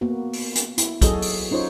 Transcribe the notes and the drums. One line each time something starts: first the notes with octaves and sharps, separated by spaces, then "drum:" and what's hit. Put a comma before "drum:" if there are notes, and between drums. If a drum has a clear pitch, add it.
A#3 B3 F#4
drum: open hi-hat
drum: hi-hat
E4, drum: hi-hat
F#3 F#4 G#4 A4 D#5, drum: kick, hi-hat
drum: open hi-hat
C#4 D#4 F4 C5 C#5